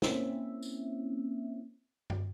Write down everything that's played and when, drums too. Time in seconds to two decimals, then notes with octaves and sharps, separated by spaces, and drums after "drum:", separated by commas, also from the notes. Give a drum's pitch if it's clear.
0.02 A#3 C4 C#4 E4 E5, drum: snare
0.62 drum: tambourine
2.10 drum: tom G2